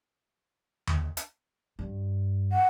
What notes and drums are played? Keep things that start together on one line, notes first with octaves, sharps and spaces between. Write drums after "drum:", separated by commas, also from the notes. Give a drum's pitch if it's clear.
drum: tom D#2
drum: hi-hat
G2
F#5